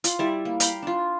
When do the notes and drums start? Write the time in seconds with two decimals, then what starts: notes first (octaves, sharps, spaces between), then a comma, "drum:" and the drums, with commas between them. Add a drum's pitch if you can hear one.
0.04 F4, drum: hi-hat
0.19 G3 E4 D5 E5
0.45 A#3
0.60 F5 G5 A#5 B5, drum: hi-hat
0.83 D4 F4